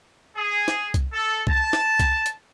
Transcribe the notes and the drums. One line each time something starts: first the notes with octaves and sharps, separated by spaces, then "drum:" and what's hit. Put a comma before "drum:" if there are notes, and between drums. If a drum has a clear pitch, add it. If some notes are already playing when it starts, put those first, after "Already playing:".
G#4
drum: snare
drum: kick C2, hi-hat
A4
A5, drum: kick C2
drum: snare
drum: kick C2, hi-hat
drum: hi-hat